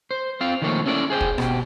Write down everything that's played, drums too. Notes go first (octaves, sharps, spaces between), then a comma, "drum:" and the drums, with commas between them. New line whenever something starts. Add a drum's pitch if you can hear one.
C5
C4 F4 F5
D#3 F3 A3 A#3 C#5
C#4 E4 A4 C#5 D5
G#4 C5 D#5 G5
drum: kick
B2 G4, drum: rim click